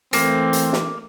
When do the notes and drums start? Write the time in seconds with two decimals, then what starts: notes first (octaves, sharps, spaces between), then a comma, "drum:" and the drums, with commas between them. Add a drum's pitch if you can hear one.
0.13 E3 A3 A#3 C4, drum: hi-hat
0.53 drum: hi-hat
0.73 drum: snare